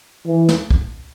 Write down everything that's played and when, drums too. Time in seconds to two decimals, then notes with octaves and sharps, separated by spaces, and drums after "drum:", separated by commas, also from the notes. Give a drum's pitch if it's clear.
0.27 E3
0.49 drum: snare
0.71 drum: kick